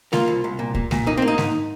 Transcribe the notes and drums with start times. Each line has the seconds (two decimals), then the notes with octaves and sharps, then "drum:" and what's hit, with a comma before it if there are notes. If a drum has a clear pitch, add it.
0.13 A#3 F4, drum: snare G#3
0.28 C2
0.44 C2
0.59 A#2
0.75 A#2, drum: kick C2
0.91 A#2, drum: snare G#3
1.06 A#3 D#4
1.17 C4
1.22 A#3
1.28 D#4
1.38 G#2, drum: snare G#3